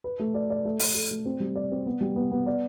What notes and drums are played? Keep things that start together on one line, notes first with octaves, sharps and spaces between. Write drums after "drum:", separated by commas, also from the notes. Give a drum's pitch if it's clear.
B4
A3
D5
D5
A3
A3, drum: open hi-hat
A4
A3
C4
G3
D5
C4
B3
G3
B3
B3
D5